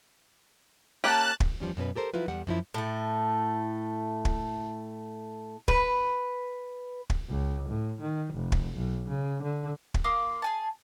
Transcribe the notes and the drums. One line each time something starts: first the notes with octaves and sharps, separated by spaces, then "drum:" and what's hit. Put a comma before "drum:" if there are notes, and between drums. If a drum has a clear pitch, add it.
A#3 C#4 G4 A5 F#6
drum: kick
E2 F3 G3 C#4
F#2 B2 C#4 B4
G4 A4 A#4 C5
F3 F#3 E4 F4 B4
E2 G3 F#5
F#2 F3 E4
A2 A3
drum: kick
B4, drum: kick
drum: kick
C#2
A2
D#3
F1
drum: kick
B1
C#3
D3
drum: kick
A#3 F5 C6 D#6
G#4 G#5 A5